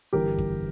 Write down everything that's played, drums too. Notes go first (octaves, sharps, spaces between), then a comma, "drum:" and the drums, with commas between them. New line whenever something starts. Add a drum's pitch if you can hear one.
G1 G2 E3 G4 A#4
drum: kick F2